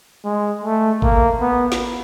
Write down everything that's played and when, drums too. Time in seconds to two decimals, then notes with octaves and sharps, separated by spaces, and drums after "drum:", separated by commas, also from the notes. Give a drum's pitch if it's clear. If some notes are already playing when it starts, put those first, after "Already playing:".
0.24 G#3
0.64 A3
1.02 A#3, drum: kick G#1
1.41 B3
1.72 drum: snare